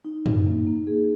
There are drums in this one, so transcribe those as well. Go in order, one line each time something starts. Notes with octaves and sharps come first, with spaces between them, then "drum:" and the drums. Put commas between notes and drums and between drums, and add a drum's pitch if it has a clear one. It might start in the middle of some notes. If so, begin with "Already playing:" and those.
D#4
D#4, drum: tom
A#3
A#3
G#4